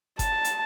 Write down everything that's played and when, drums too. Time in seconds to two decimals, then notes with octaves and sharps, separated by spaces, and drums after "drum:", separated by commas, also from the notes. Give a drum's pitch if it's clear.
0.19 A5, drum: kick G1, hi-hat
0.44 drum: hi-hat